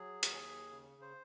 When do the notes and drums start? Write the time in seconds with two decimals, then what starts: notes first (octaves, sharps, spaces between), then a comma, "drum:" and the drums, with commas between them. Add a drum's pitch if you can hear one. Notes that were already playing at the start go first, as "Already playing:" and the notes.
Already playing: F#3 G#4
0.23 D#2, drum: hi-hat
0.70 C#3
1.02 C5